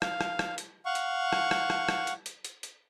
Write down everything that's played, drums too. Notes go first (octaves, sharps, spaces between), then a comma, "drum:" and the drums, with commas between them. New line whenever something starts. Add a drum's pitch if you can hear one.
F5, drum: rim click
drum: rim click
drum: rim click
drum: hi-hat
F5 F#5 C#6
drum: hi-hat
drum: rim click
drum: rim click
drum: rim click
drum: rim click
drum: hi-hat
drum: hi-hat
drum: hi-hat
drum: hi-hat